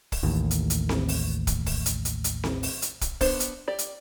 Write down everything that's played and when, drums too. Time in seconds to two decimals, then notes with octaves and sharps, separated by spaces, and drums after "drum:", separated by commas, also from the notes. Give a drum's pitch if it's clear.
0.12 drum: kick, open hi-hat
0.23 A1 D#2
0.51 drum: hi-hat
0.70 drum: hi-hat
0.89 drum: snare C4
1.08 drum: open hi-hat
1.47 drum: kick, hi-hat
1.66 drum: kick, open hi-hat
1.86 drum: hi-hat
2.05 drum: hi-hat
2.24 drum: hi-hat
2.44 drum: snare C4
2.63 drum: open hi-hat
2.82 drum: hi-hat
3.01 drum: kick, hi-hat
3.21 B3 D4 C5, drum: kick, open hi-hat
3.40 drum: hi-hat
3.68 G4 D5
3.79 drum: hi-hat